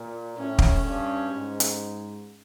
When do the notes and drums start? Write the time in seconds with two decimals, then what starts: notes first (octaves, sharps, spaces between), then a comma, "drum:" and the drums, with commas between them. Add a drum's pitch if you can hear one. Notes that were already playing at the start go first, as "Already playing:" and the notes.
Already playing: A#2
0.37 A2 C#4
0.59 drum: kick
0.84 G2
1.32 G#2
1.60 drum: hi-hat